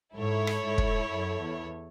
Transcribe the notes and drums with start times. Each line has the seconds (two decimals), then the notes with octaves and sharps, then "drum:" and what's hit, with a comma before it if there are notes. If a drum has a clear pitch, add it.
0.16 G#2 E4 A4 C#5
0.47 drum: rim click
0.63 G#2
0.78 drum: kick
1.08 F#2
1.39 E2